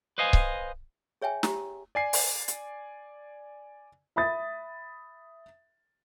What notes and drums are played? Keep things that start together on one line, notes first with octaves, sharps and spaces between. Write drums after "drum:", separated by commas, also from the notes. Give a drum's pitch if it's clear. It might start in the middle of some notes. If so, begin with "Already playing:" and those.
B4 C5 D#5 F5 G#5
drum: kick C#1
G#4 C#5 E5 G5 G#5
G4 A#5, drum: snare
D5 G#5 C7
drum: open hi-hat
drum: hi-hat
E5 B5 D#6 A6